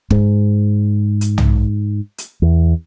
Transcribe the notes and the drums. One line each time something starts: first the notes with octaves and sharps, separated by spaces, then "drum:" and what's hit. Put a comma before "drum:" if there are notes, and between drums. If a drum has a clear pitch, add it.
G#2, drum: kick
drum: hi-hat
drum: tom
drum: hi-hat
E2